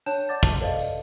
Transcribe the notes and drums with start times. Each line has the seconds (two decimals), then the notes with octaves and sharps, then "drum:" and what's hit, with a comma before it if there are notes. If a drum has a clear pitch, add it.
0.06 D4 C#5 A5 G6 E7, drum: tambourine
0.29 D5 F#5 D6 G6 A6
0.43 A5, drum: kick, tambourine
0.60 A4 B4 C5 D5 D#5 F5
0.79 drum: tambourine